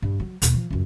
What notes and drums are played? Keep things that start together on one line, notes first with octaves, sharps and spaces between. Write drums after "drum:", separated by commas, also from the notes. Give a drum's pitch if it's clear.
G2
F#3
D#2 B2, drum: hi-hat
F3
C#2 F#2